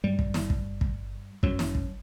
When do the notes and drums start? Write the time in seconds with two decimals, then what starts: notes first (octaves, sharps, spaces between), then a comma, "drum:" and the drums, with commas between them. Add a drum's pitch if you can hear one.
0.04 G2 G3
0.19 drum: kick
0.34 drum: snare
0.50 drum: kick
0.81 drum: kick
1.43 F#2 F#3, drum: kick
1.59 drum: snare
1.75 drum: kick